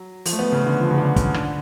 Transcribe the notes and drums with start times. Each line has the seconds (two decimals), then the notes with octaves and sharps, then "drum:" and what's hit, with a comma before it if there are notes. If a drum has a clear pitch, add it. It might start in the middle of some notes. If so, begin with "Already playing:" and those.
Already playing: F#3
0.26 F3, drum: open hi-hat
0.33 A3
0.39 B3
0.52 C#3
0.66 D3
0.80 F3
0.91 C#3
0.98 D3
1.16 C#3, drum: kick, hi-hat
1.34 D3, drum: rim click